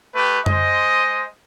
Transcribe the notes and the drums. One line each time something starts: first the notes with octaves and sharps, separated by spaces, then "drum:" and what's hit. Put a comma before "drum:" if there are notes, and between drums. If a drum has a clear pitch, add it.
A3 G4 B4
G#3 C5 D#5, drum: tom F#2